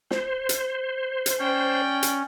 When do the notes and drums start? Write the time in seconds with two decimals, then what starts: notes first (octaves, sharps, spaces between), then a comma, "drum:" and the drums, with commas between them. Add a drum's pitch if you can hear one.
0.11 C5, drum: snare
0.49 drum: hi-hat
1.26 drum: hi-hat
1.39 C#4 D5 G5
2.03 drum: hi-hat